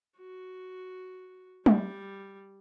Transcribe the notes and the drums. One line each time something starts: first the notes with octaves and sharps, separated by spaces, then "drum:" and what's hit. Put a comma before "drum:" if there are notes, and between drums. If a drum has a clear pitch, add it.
F#4
G3, drum: tom